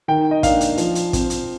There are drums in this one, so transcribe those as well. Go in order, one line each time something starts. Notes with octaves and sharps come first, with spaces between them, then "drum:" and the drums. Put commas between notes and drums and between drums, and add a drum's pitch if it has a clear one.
D#3 G5
D#5
A#3 D4 F5, drum: kick, hi-hat
drum: hi-hat
F3, drum: hi-hat
drum: hi-hat
C4, drum: kick, hi-hat
drum: hi-hat